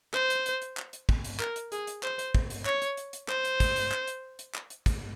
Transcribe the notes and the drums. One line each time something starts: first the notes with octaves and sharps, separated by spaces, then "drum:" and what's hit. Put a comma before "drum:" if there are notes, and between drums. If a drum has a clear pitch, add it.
C5, drum: clap
drum: hi-hat
drum: hi-hat
drum: hi-hat
drum: clap
drum: hi-hat
drum: kick
drum: hi-hat
A#4, drum: clap
drum: hi-hat
G#4, drum: hi-hat
drum: hi-hat
C5, drum: clap
drum: hi-hat
drum: kick
drum: hi-hat
C#5, drum: clap
drum: hi-hat
drum: hi-hat
drum: hi-hat
C5, drum: clap
drum: hi-hat
drum: kick, hi-hat
drum: hi-hat
drum: clap
drum: hi-hat
drum: hi-hat
drum: clap
drum: hi-hat
drum: kick, hi-hat